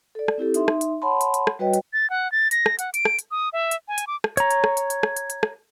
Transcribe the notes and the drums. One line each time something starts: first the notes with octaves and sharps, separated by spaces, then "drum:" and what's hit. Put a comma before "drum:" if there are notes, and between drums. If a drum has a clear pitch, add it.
A4 D5
drum: rim click
C4 E4 G4 A4
D#4 E5 C6, drum: hi-hat
drum: rim click
drum: hi-hat
C#5 F#5 A5 B5 C6
drum: hi-hat
drum: hi-hat
drum: rim click
G3 F#4 B4 C#5 D#5 G5
drum: hi-hat
A6
F#5
A6
A#6, drum: hi-hat
drum: rim click
F#5, drum: hi-hat
D7, drum: hi-hat
drum: rim click
drum: hi-hat
D#6
E5
drum: hi-hat
G#5
drum: hi-hat
D6
drum: rim click
C#5 A#5, drum: hi-hat
drum: hi-hat
drum: rim click
drum: hi-hat
drum: hi-hat
drum: rim click
drum: hi-hat
drum: hi-hat
drum: rim click